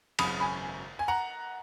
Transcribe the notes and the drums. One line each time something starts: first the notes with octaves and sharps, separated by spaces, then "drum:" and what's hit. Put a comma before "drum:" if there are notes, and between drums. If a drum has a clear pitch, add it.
G#1 F#2 C#3 B5 D#6, drum: cymbal
G#5 B5
G#5
F#5 A#5